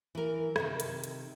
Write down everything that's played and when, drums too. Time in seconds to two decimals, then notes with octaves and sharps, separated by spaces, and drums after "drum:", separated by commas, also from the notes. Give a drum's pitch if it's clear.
0.15 E3 A#4
0.56 C3 D#3 E5, drum: rim click
0.80 drum: hi-hat
1.04 drum: hi-hat